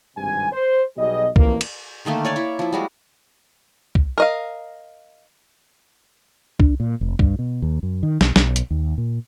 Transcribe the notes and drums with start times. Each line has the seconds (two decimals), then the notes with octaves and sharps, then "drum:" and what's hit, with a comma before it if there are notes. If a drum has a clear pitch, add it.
0.16 G#1 G2 C3 G#5
0.51 C5
0.97 B1 B2 G3 G#4 D#5
1.36 A1 F2 A#3, drum: kick
1.61 drum: cymbal
2.05 D3 D#3 A3 A#3
2.25 C#5 D5 G#5
2.36 E4
2.59 F3 E4
2.73 G3 G#3 F#4
3.95 drum: kick
4.18 A#4 D#5 F5
6.60 D4, drum: kick
6.80 A#2
7.01 F1
7.19 G2, drum: kick
7.39 B2
7.62 D#2
7.83 F#2
8.03 D#3
8.21 B1, drum: snare
8.36 B1, drum: snare
8.56 drum: hi-hat
8.70 D#2
8.98 A#2